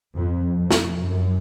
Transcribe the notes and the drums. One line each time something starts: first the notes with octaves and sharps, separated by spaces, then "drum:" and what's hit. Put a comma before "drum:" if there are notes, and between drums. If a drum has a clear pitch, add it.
F2
F2
drum: snare
F#2